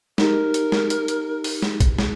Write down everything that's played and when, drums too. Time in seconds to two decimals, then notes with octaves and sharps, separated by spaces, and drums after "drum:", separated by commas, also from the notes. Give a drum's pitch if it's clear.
0.18 D#4 G4 A#4, drum: snare
0.54 drum: hi-hat
0.72 drum: snare
0.90 drum: hi-hat
1.08 drum: hi-hat
1.44 drum: open hi-hat
1.62 drum: snare
1.80 drum: kick, hi-hat
1.99 drum: snare